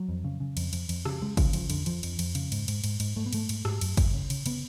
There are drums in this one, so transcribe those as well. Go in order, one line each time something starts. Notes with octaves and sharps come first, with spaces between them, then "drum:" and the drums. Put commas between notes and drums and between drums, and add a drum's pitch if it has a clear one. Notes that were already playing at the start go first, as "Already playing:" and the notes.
Already playing: F#3
F2
C#3
C#3
F2, drum: cymbal
F2, drum: cymbal
F2, drum: cymbal
C#3, drum: rim click
C#3 G#3
C#3 F3, drum: kick, cymbal
C#3 F3, drum: cymbal
F2 D3, drum: cymbal
F2 F3, drum: cymbal
F2, drum: cymbal
F2, drum: cymbal
C#3, drum: cymbal
G#2, drum: cymbal
G#2, drum: cymbal
G#2, drum: cymbal
G#2, drum: cymbal
G#2 A3
B3
G#2 A3, drum: cymbal
G#2, drum: cymbal
G#2, drum: rim click
F#2, drum: cymbal
F#2, drum: kick, cymbal
C#3
C#3, drum: cymbal
C#3 B3, drum: cymbal